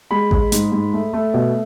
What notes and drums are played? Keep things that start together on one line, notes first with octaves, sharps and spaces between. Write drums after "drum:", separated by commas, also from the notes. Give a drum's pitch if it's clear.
G#3 B5
G#3, drum: kick A1
G#2, drum: hi-hat
G#2
A3
A3
B2